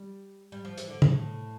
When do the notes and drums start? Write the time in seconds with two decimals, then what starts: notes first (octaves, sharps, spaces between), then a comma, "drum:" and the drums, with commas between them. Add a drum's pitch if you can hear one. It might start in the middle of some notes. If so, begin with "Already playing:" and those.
Already playing: G3
0.52 G3
0.65 F3
0.78 E3, drum: hi-hat
0.90 D3
1.02 A2, drum: tom